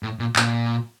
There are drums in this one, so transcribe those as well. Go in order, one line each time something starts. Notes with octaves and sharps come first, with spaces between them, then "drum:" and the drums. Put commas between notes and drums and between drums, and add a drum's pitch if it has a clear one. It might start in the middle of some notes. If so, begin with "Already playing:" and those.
A2
A#2
A#2, drum: clap